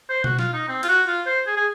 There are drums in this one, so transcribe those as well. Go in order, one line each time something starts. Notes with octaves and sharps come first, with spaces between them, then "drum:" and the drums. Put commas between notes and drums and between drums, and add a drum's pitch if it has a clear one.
C5
F#4, drum: tom B2
F4, drum: snare
D#4
C4
F4, drum: cymbal
F#4
F4
C5
G#4
G#4